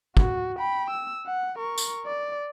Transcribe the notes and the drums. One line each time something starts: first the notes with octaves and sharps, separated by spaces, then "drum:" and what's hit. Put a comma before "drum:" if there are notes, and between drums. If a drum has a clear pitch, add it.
F#4, drum: kick
G5 B5
E6
F#5
A#4 C#6
drum: tambourine
D5